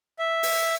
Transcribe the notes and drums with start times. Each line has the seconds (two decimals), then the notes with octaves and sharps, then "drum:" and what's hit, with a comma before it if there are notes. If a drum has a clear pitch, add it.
0.19 E5
0.43 drum: open hi-hat